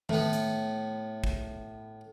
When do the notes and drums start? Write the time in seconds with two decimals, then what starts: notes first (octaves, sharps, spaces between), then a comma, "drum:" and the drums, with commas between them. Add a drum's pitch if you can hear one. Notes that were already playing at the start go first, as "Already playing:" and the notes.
0.09 A2 B3, drum: tom D#3
0.33 drum: hi-hat
1.24 drum: kick